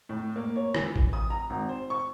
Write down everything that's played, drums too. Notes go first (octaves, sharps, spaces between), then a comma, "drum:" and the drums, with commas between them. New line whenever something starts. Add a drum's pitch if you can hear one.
A2
A#3
C#5
E3, drum: rim click
drum: kick A1
D#6
A#5
G#1
C5
C#6